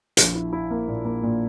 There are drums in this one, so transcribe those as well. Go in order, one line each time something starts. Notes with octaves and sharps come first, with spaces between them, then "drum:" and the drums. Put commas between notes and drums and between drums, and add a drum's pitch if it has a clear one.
A#1, drum: hi-hat
E4
E4
A#3
A#2
A#3
A#2